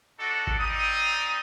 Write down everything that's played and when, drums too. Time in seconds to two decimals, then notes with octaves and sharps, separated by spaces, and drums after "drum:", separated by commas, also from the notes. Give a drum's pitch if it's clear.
0.19 D4 D#4 F#4 A4
0.47 drum: kick G#1
0.58 G3 C4 D#4 D5 D#6